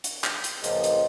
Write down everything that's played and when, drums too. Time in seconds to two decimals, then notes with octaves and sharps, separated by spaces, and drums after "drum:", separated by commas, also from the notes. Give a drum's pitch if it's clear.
0.04 drum: hi-hat
0.24 drum: clap
0.44 drum: hi-hat
0.64 C#2 A#2 F3 D#5, drum: hi-hat
0.84 drum: hi-hat